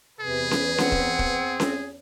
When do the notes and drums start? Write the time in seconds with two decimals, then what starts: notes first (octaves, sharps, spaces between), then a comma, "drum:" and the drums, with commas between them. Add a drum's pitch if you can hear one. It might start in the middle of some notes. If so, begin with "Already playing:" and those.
0.20 E2 C3 G#4 B4
0.51 drum: snare C#4
0.78 C4 F#5, drum: snare C#4
0.92 drum: kick
1.19 drum: kick
1.60 drum: snare C#4